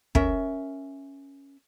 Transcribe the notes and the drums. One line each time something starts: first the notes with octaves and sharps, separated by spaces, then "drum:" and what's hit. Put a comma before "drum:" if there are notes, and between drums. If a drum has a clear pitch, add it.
C#4 A#4 E5, drum: kick